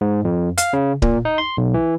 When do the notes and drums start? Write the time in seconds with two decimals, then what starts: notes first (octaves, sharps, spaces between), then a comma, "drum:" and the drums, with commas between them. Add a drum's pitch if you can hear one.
0.01 G#2
0.25 F2
0.58 F5, drum: hi-hat
0.73 C#3
1.02 A#2, drum: kick D1
1.25 D#4
1.38 C6
1.57 B1
1.74 E3